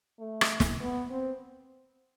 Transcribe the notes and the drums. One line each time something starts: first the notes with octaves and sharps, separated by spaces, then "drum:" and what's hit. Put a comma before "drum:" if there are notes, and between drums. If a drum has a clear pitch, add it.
A3
drum: rim click
drum: snare
B3
C4